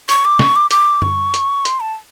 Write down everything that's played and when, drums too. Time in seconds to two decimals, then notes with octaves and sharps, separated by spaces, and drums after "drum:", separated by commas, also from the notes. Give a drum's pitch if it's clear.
0.09 C#6, drum: hi-hat
0.25 D6
0.39 C#6, drum: snare
0.56 D6
0.71 D6, drum: hi-hat
1.02 C#6, drum: tom F#2
1.34 drum: hi-hat
1.65 C6, drum: hi-hat
1.80 A5